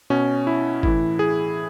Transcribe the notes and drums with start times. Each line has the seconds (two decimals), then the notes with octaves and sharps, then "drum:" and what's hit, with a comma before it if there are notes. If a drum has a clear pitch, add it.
0.10 B2 C#4
0.47 E4
0.83 A2 E3 E4, drum: kick
1.19 G#4